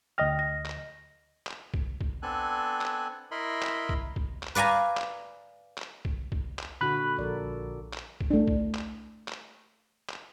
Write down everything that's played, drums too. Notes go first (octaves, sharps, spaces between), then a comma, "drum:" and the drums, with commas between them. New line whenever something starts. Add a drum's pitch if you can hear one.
D2 D#5 G5 F6 A#6
A#6
drum: clap
drum: clap
drum: kick B1
drum: kick B1
B3 C4 D4 A4 G#5 F#6
drum: clap
E4 A#4 D#5 B5 C6
drum: clap
drum: kick B1
drum: kick B1
drum: clap
B4 D5 F5 G#5 A#5
drum: clap
drum: clap
drum: kick B1
drum: kick B1
drum: clap
A#2 D3 F#4 B5 F#6
A#1 A4 A#4 D5
drum: clap
drum: kick B1
A3 D4
drum: kick B1
drum: clap
drum: clap
drum: clap